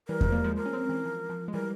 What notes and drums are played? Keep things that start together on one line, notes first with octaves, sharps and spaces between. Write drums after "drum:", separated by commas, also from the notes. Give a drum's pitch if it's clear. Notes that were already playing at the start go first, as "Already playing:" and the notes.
E3 G3 A#4
F3 G#3, drum: kick E2
G3 A#3
F3 G#3
F3 G#3 A#4
C#4
G#3 C4
E3
F3
F3
G#3
E3 G3 A#4